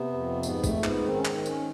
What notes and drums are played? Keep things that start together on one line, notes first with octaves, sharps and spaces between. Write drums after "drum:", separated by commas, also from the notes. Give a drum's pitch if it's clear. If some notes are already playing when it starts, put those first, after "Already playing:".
Already playing: C3 B3
F2
G#2 B3, drum: tambourine
A3, drum: kick A#1, tambourine
G#2
B3, drum: clap
D#3 C4
C#4
C4, drum: clap
D#3
C#4, drum: tambourine